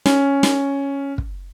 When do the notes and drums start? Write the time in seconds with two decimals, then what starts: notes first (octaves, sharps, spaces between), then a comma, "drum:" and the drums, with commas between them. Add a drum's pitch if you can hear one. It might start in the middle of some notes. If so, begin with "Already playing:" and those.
0.06 C#4, drum: snare
0.43 drum: snare
1.18 drum: kick